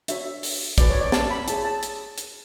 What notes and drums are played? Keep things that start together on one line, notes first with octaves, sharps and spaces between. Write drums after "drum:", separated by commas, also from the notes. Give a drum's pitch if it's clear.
D4 F#4 C#5 E5, drum: hi-hat
drum: open hi-hat
C#4 F#4 B4 D5, drum: kick, hi-hat
C#5
D5
A5, drum: snare
B5
E4 G#4 C#5 A5, drum: hi-hat
A5
drum: hi-hat
drum: hi-hat